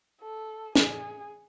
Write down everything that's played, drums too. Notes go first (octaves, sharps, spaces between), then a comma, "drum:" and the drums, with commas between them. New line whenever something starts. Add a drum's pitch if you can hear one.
A4
G#4, drum: snare